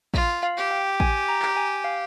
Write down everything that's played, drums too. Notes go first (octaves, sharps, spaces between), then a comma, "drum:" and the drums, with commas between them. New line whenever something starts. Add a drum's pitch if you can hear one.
F4, drum: kick A1
F5
G4
G5
G#5, drum: kick A1
A#5
drum: clap
G#5
F5